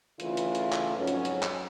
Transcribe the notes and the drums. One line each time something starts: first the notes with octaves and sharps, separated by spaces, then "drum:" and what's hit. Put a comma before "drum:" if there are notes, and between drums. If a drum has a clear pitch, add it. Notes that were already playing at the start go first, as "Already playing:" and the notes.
D2 C#3 E3 A3 F4 B4, drum: hi-hat
drum: hi-hat
drum: hi-hat
drum: clap
F2 G#2 F#3 C#4
drum: hi-hat
drum: hi-hat
drum: clap